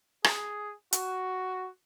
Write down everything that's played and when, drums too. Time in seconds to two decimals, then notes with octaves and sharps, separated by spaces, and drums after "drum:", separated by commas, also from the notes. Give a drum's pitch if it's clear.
0.24 G#4, drum: rim click
0.93 F#4, drum: hi-hat